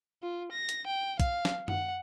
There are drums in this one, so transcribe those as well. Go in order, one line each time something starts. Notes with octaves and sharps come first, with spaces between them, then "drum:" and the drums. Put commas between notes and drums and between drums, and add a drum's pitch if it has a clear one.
F4
A#6
drum: hi-hat
G5
F5, drum: kick, hi-hat
drum: snare
F#5, drum: tom F#2